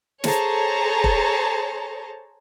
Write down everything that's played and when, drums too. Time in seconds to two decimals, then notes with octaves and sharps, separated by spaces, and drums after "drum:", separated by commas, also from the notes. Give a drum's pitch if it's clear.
0.24 G#4 A4 C5 C#5 A5 A#5, drum: snare
1.04 drum: kick E1